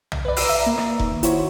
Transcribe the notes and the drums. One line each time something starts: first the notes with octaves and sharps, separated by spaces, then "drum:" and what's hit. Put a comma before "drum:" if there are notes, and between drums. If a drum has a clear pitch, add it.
drum: tom B1
B4 D5
A#5 E6 D7 D#7, drum: open hi-hat
E5 A#5
A#3
drum: rim click
D#3, drum: kick F1
E4 F#4 C5 C#5, drum: hi-hat